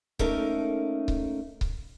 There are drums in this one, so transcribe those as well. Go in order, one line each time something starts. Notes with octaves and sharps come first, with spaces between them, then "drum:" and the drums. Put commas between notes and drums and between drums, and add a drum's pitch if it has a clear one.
A3 A#3 C#4 D#4 A4 A#4, drum: kick C#1
drum: kick C#1
drum: kick C#1